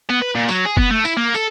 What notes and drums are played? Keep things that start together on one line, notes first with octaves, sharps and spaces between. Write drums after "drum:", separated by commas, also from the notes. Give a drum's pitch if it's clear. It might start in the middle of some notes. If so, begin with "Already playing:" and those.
B3
B4
A#2
F#3, drum: tambourine
G#4
B3, drum: kick
A3
E4, drum: tambourine
A#3
A4, drum: tambourine